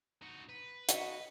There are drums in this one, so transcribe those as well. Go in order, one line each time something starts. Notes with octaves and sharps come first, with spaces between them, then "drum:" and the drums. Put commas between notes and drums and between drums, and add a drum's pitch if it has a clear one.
D#4 F#4
B4
F#4 D#5 D#6, drum: hi-hat